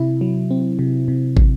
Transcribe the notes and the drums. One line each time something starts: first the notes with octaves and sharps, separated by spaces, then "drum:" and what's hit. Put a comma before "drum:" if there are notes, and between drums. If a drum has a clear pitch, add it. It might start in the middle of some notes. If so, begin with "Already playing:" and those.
Already playing: C3 E4
F#3
C4
C3
C3
drum: kick